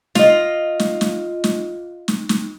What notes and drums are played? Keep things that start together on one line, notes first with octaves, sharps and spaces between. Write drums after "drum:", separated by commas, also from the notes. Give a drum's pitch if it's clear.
F4 D#5, drum: snare
drum: snare
drum: snare
drum: snare
drum: snare
drum: snare